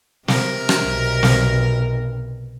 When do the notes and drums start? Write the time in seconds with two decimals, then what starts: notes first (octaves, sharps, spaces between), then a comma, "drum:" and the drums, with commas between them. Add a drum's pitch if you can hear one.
0.28 C3 A#4, drum: snare
0.69 drum: rim click
0.82 B1
1.23 drum: snare